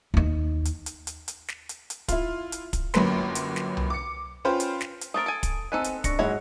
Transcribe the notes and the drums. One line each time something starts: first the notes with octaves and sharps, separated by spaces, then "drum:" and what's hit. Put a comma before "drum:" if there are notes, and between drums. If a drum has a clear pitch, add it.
D#2 D#4
drum: hi-hat
drum: hi-hat
drum: hi-hat
drum: hi-hat
drum: snare
drum: hi-hat
drum: hi-hat
E4 F4, drum: kick, hi-hat
drum: hi-hat
drum: kick, hi-hat
G1 F#2 F#3 A#3 B4 C6, drum: snare
drum: hi-hat
drum: snare
drum: tom C2
D6 C#7
C#4 F4 B4 C5 G5
drum: hi-hat
drum: snare
drum: hi-hat
A3 C4 A#4 D#6 A6 D7
A4 G#5
drum: kick, hi-hat
B3 C4 D#4 A4 D#5 G#5 E6 F#6
drum: hi-hat
D4 C#6 A#6 C#7, drum: kick, hi-hat
G#2 F#3 G#3 E4 C#5 D#5 F#5 F#6